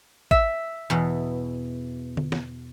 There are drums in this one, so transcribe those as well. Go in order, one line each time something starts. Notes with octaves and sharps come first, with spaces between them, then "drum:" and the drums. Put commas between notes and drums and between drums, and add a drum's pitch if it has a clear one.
E5, drum: kick
E2 B2
drum: tom D3
drum: snare